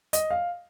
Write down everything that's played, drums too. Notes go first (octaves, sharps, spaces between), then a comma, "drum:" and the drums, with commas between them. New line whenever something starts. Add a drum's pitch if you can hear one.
D#5, drum: hi-hat
F5